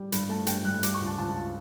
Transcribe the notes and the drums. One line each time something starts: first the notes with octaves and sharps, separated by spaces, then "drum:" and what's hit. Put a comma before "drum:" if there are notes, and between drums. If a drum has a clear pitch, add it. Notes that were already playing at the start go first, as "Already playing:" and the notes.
Already playing: G3
G2 B5, drum: hi-hat
A3 A5
G2 G5, drum: hi-hat
G2 F#6
G3 D6, drum: hi-hat
C#6
C#2
A5
C#2 A5